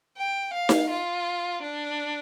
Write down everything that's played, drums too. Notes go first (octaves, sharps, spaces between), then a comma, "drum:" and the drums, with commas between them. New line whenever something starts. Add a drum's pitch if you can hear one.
G5
F5
drum: snare D#4
F4
D4